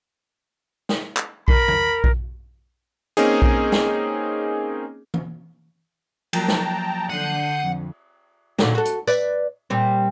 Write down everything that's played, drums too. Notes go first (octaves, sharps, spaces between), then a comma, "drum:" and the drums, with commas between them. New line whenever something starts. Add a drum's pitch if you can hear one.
drum: snare
drum: clap
A#4 B5, drum: kick A#1
drum: tom
drum: kick A#1
A#3 C4 C#4 D#4 G#4, drum: hi-hat
drum: kick A#1
drum: snare
drum: tom E3
F3 F#3 A#3 G5 A5 A#5, drum: cymbal
drum: snare
D3 D4 F#5 G6 C7 D#7
F2
A#2 D3 F#3, drum: snare
F#4 A4
drum: hi-hat
B4 D5 E5, drum: tambourine
A#2 G3 C4